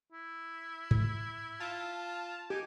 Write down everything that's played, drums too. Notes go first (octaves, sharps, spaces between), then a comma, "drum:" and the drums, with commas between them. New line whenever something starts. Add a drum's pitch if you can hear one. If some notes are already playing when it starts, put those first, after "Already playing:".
E4
drum: tom G#2
F4 A5
D#4 G4 G#5